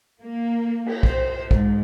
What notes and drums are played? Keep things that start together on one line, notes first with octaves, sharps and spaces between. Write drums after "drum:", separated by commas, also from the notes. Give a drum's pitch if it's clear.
A#3
drum: cymbal
C5, drum: kick
G#2, drum: kick